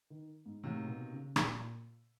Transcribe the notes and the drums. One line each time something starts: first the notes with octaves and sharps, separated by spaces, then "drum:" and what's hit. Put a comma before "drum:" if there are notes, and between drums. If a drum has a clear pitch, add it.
D#3
G#2
A2 C3 D#3 F#3 A#3
B2
C#3
A#2, drum: rim click